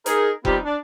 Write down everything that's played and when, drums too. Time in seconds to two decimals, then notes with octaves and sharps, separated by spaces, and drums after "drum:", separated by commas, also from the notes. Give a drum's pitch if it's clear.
0.06 D#4 G#4 A#4, drum: hi-hat
0.45 G3 B3 C4 D#4 F4 G4, drum: kick F1
0.65 D4